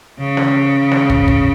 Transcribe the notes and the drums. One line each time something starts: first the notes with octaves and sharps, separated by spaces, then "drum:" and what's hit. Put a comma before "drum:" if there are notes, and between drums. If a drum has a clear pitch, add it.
C#3
drum: snare
drum: snare
drum: kick
drum: kick